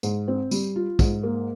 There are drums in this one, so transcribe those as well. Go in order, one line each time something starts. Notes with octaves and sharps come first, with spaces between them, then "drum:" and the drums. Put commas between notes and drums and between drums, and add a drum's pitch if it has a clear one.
G#2, drum: tambourine
C4
G3, drum: tambourine
F4
G#2, drum: kick, tambourine
A#3